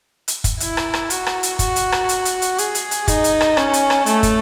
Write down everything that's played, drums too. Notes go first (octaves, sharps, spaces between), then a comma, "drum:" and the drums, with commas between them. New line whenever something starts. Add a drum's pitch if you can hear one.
drum: hi-hat
drum: kick, hi-hat
E4, drum: hi-hat
drum: rim click
drum: rim click
F#4, drum: hi-hat
drum: rim click
drum: hi-hat
F#4, drum: kick, hi-hat
drum: hi-hat
drum: rim click
drum: hi-hat
drum: hi-hat
drum: hi-hat
G#4, drum: hi-hat
drum: hi-hat
drum: hi-hat
D#4, drum: kick, hi-hat
drum: hi-hat
drum: rim click
C#4, drum: rim click
drum: hi-hat
drum: rim click
A3, drum: hi-hat
drum: kick, hi-hat